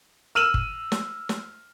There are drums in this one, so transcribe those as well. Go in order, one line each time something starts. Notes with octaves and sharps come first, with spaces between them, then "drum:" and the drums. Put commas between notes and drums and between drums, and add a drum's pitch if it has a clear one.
E6 F6 D#7 E7 F#7
drum: kick G1
drum: snare
drum: snare